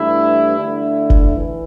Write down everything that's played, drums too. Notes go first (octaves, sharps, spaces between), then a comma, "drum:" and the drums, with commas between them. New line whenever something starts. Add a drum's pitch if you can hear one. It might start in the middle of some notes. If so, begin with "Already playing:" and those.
Already playing: G2 E3 A3 E4
D3 A3 E4
drum: kick F#1
E3